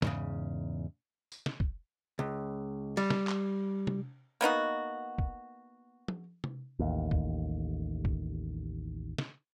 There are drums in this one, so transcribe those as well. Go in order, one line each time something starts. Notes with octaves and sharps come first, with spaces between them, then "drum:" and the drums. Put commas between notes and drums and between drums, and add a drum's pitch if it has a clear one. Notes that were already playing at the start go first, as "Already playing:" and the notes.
E2 G#2 C#3, drum: snare
drum: tambourine
drum: snare
drum: kick F1
C#2
G3, drum: cymbal
drum: snare
drum: clap
drum: tom C3
A#3 B3 D#4 F#4
drum: kick F1
drum: tom
drum: tom C3
A1 D#2
drum: kick F1
drum: kick F1
drum: snare